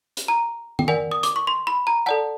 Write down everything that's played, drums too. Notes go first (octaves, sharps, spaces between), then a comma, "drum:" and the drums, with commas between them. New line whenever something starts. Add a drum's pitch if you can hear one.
drum: hi-hat
A#5
G5, drum: tom
A#4 D5 F#5 G#5
D#6
D6, drum: hi-hat
C#6
C6
B5
A#5
A4 D5 F#5 A5